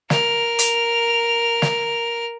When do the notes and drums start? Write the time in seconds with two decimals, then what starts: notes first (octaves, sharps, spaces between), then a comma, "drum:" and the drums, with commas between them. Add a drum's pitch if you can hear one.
0.10 A#4 F6, drum: snare
0.59 drum: hi-hat
1.62 drum: snare